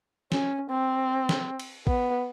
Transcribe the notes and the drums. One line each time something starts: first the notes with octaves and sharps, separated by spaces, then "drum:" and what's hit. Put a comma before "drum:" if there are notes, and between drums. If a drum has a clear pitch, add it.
C#4, drum: snare
C4
drum: snare
drum: cymbal
B3, drum: kick